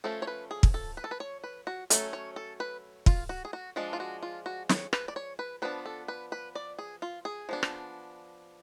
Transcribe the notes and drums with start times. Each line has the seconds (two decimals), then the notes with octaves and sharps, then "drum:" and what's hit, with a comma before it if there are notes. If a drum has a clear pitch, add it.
0.04 F3 A3 C#4 A4
0.22 C#5
0.27 B4
0.51 G#4
0.63 drum: kick
0.74 A4
0.97 B4
1.04 A4
1.11 B4
1.20 C#5
1.44 B4
1.67 F#4
1.90 F#3 A3 C#4 A4, drum: hi-hat
2.13 C#5
2.36 A4
2.60 B4
3.06 F4, drum: kick
3.29 F#4
3.45 G#4
3.53 F#4
3.76 F3 G#3 D4
3.93 F4
4.00 F#4
4.23 F4
4.46 F#4
4.69 C#5, drum: snare
4.93 B4, drum: rim click
5.08 D5
5.16 C#5
5.39 B4
5.62 F3 B3 D4 B4
5.86 A4
6.08 B4
6.32 B4
6.55 D5
6.79 G#4
7.02 F4
7.25 G#4
7.49 F3 B3 D4
7.63 drum: rim click